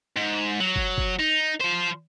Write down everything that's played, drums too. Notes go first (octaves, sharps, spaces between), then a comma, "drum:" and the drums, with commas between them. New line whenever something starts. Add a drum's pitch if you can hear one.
G#2
F#3
drum: kick
drum: kick
D#4
F3 C5